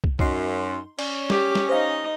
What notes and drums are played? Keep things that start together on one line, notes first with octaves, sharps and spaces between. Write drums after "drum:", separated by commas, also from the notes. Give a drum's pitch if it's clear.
drum: kick
F#2 D#4 C6, drum: kick
C#4 D5, drum: cymbal
G4, drum: snare
drum: snare
D#4 C5 D#5 F5